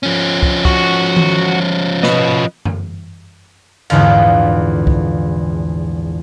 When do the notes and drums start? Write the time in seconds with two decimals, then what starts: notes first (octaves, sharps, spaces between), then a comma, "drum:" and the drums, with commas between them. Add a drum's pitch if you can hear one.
0.03 F3 C#4
0.42 drum: kick
0.65 F#4, drum: kick
1.17 drum: tom D#3
2.03 B4 D#5, drum: snare
2.65 drum: tom F#2
3.90 A#1 E2 G#2 D3 F5, drum: cymbal
4.87 drum: kick